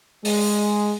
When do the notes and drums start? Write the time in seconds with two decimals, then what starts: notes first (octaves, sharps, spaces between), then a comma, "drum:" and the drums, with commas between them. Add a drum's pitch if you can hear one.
0.25 G#3, drum: open hi-hat